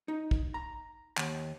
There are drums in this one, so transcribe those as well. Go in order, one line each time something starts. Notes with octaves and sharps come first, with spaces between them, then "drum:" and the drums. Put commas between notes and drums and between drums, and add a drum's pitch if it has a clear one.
D#4
drum: kick
A#5
D#2, drum: clap